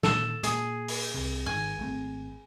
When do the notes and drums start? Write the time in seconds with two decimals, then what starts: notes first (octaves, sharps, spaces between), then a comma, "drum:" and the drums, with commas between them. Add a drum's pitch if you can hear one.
0.03 A#2 D#3 A4, drum: snare
0.43 A#2 G#4, drum: hi-hat
0.88 drum: open hi-hat
1.15 C2 C3
1.46 G#1 G#2 D#3 G#5
1.79 G#1 A3 C4